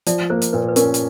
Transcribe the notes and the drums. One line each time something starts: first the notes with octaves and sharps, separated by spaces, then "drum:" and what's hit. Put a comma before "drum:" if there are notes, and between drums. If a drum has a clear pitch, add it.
F3 D5 E5, drum: hi-hat
A#3 C5
drum: hi-hat
A#2 B4
B4
C#4 A#4, drum: hi-hat
drum: hi-hat